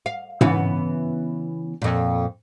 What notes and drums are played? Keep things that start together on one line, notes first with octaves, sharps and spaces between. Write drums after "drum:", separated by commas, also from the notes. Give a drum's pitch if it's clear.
F5
C#3 E3 B3, drum: tom G#2
F2 A#2